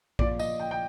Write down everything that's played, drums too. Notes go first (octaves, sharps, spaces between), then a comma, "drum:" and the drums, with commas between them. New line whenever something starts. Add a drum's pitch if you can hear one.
A#2 F3 D5, drum: kick A#1
D#5, drum: tambourine
G5
G5